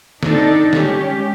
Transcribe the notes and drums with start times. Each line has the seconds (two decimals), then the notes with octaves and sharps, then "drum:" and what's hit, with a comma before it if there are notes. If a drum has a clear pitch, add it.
0.23 C4 D4 D#4 A4, drum: snare
0.73 G3 G#3 C#4 G4, drum: snare